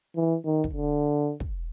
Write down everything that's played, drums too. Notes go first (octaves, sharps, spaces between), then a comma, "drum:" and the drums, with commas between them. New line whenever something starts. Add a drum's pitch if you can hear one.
E3
D#3
drum: kick
D3
drum: kick